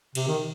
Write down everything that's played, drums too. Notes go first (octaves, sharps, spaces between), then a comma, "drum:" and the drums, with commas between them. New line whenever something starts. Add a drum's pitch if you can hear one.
C3, drum: cymbal
D#3